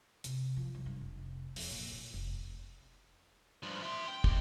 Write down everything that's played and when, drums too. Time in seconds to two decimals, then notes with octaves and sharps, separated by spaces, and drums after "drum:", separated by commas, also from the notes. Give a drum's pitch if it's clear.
0.24 C3, drum: hi-hat
0.57 F3
0.75 C2
0.86 G2
1.01 F1
1.56 F2, drum: open hi-hat
1.71 A#2
1.91 E3
2.14 F1
3.63 G2 F3
3.83 E5 C6
4.08 G5
4.24 G4 D#5, drum: kick